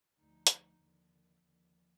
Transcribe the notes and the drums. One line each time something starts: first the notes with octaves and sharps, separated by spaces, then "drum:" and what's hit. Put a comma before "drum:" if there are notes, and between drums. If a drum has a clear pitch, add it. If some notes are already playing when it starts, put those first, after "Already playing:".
D2 D3 F3 D#4
drum: hi-hat
D#2 D3 F3
D#2 D3 F3